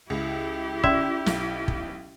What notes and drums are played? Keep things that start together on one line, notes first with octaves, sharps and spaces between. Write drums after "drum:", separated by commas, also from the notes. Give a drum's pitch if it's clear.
C#2 E4 G4
C#4 D5 E5 C6, drum: kick
B1, drum: snare
drum: kick